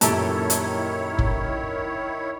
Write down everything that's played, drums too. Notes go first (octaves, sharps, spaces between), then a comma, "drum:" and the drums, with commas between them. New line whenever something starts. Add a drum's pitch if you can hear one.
F#2 A#2 D#3 E4 G4 A4 C#5 A5, drum: hi-hat
drum: hi-hat
drum: kick